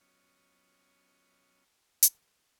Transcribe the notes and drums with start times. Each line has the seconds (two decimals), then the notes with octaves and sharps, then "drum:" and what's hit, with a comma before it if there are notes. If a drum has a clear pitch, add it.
0.01 F#3 B3 C#4 F4 C#5 D#5
2.03 drum: hi-hat